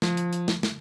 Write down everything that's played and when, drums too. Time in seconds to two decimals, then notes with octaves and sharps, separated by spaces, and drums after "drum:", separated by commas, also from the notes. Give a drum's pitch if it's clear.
0.02 F3, drum: snare
0.17 drum: hi-hat
0.33 drum: hi-hat
0.48 drum: snare
0.63 drum: snare